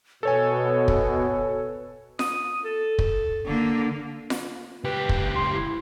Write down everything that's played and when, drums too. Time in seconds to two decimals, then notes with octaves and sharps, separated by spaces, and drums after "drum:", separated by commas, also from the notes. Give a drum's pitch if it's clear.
0.23 B2 A4 B4 C#5 G#5
0.88 drum: kick
2.19 D#6, drum: snare F4
2.64 A4
2.99 drum: kick
3.45 D3 A#3
4.30 drum: snare F4
4.84 C#2 G4 B4
5.09 drum: kick
5.36 C6
5.55 E4